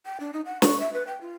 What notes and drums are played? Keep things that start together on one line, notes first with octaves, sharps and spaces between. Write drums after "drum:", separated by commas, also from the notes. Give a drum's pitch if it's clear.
G5
D4
D#4
F#5
C#6, drum: snare
E5
B4
G5
F4